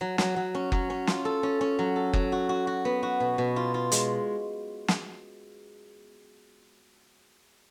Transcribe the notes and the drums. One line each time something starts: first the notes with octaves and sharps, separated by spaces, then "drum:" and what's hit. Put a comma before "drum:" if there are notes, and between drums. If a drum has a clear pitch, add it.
F#3
F#3, drum: snare
F#3
C#4
F#3, drum: kick F#1
C#4
F4, drum: snare
A4
C#4
C#4
F#3
A4
F#3, drum: kick F#1
F#4
F#4
F#4
B3
F#4
B2
B2
F4
F4
G#3, drum: hi-hat
drum: snare